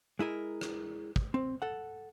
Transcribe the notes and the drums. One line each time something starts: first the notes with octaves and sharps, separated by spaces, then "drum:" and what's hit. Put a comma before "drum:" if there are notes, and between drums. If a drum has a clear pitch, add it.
G#3 E4 G#4 A#4
drum: rim click
drum: kick
C4
A4 F#5